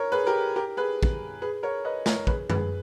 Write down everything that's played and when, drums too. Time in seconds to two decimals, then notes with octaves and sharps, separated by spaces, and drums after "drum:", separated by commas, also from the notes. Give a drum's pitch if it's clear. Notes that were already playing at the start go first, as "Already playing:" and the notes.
Already playing: A#4 C#5
0.12 G#4 B4
0.27 G4 A#4
0.56 G4 A#4
0.77 G#4 B4
1.03 drum: kick
1.42 G#4 B4
1.63 A#4 C#5
1.85 B4 D#5
2.06 A#4 C#5, drum: snare
2.27 G#4 B4, drum: kick
2.50 G#4 B4, drum: tom F#2